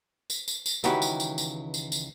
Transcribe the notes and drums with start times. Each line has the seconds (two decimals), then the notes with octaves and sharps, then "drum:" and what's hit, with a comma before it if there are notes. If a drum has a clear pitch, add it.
0.30 drum: tambourine
0.48 drum: tambourine
0.66 drum: tambourine
0.84 C#2 D#3 E3 F#4 G4 B5, drum: tambourine
1.02 drum: tambourine
1.20 drum: tambourine
1.38 drum: tambourine
1.74 drum: tambourine
1.92 drum: tambourine